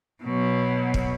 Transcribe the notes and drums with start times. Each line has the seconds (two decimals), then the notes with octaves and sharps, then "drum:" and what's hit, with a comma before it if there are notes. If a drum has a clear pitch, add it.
0.24 B2 F#3
0.94 drum: kick